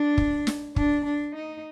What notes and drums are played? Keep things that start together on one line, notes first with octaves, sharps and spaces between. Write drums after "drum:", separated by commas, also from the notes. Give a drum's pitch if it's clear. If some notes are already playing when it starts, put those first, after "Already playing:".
Already playing: D4
drum: kick
drum: snare
D4, drum: kick
D4
D#4